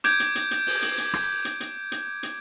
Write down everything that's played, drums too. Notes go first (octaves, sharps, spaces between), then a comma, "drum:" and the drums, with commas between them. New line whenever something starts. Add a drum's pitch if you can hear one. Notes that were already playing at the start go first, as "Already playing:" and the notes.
D6 G6 G#6 D7, drum: hi-hat
drum: hi-hat
drum: hi-hat
drum: hi-hat
drum: open hi-hat
drum: hi-hat
drum: hi-hat
drum: rim click
drum: hi-hat
drum: hi-hat
drum: hi-hat
drum: hi-hat